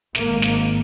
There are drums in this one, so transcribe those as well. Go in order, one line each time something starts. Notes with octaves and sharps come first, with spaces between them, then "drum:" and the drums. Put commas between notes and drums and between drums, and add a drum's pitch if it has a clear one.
G#1 G#2 A#3, drum: snare
drum: snare